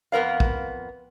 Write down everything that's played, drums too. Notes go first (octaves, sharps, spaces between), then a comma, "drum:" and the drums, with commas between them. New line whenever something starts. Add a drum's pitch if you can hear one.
F2 B3 A#4 D5 F5
drum: kick